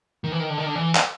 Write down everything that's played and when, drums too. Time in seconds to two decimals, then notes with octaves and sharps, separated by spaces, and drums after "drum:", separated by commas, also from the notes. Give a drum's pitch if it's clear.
0.24 D#3
0.32 E3
0.40 D#3
0.50 D3
0.58 D#3
0.66 D3
0.75 E3
0.95 drum: clap